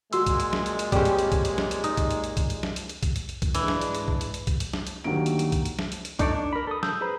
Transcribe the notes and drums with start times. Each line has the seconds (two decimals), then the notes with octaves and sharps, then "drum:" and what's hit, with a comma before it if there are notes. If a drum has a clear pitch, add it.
0.13 A#2 G#3 F#4 C6 E6, drum: hi-hat
0.27 drum: kick B1, hi-hat
0.40 drum: hi-hat
0.53 drum: snare
0.66 drum: hi-hat
0.79 drum: hi-hat
0.92 G3 C4 C#4 G#4 C5, drum: kick B1, hi-hat
1.05 drum: hi-hat
1.19 drum: hi-hat
1.32 drum: kick B1, hi-hat
1.45 drum: hi-hat
1.58 drum: snare
1.71 drum: hi-hat
1.84 D#4, drum: hi-hat
1.97 drum: kick B1, hi-hat
2.11 drum: hi-hat
2.24 drum: hi-hat
2.37 drum: kick B1, hi-hat
2.50 drum: hi-hat
2.63 drum: snare
2.76 drum: hi-hat
2.89 drum: hi-hat
3.03 drum: kick B1, hi-hat
3.16 drum: hi-hat
3.29 drum: hi-hat
3.42 drum: kick B1, hi-hat
3.55 G#2 E3 G#3 D4, drum: hi-hat
3.68 drum: snare
3.81 drum: hi-hat
3.95 drum: hi-hat
4.08 drum: kick B1
4.21 drum: hi-hat
4.34 drum: hi-hat
4.47 drum: kick B1, hi-hat
4.60 drum: hi-hat
4.73 drum: snare
4.87 drum: hi-hat
5.04 D2 D#3 F#3 G3 A#3 D7
5.26 drum: hi-hat
5.39 drum: hi-hat
5.52 drum: kick B1, hi-hat
5.65 drum: hi-hat
5.79 drum: snare
5.92 drum: hi-hat
6.05 drum: hi-hat
6.19 D4 D#4 A4 C#5 D5, drum: kick B1, hi-hat
6.35 D4
6.53 A#4 B5
6.67 A4 D#6
6.83 D#6 E6 G6, drum: snare
7.01 G#4 B4 C5 A#5 B5